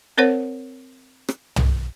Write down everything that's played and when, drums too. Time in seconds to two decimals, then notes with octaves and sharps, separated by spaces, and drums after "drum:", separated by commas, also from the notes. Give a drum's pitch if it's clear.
0.18 C4 A#4 C5 C#5 F#5
1.29 drum: rim click
1.56 drum: tom